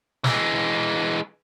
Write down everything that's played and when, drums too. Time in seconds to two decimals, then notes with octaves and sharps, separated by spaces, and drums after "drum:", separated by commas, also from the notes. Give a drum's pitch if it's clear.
0.24 E3 G#3, drum: snare